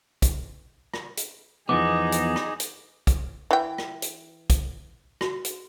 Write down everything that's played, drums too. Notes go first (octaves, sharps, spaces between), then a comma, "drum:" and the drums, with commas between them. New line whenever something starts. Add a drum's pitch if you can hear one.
drum: kick, hi-hat
drum: rim click
drum: hi-hat
E2 F3 B3 D#4 G#4 D6
drum: hi-hat
drum: rim click
drum: hi-hat
drum: kick, hi-hat
E3 E5 G5
drum: rim click
drum: hi-hat
drum: kick, hi-hat
F#4, drum: rim click
drum: hi-hat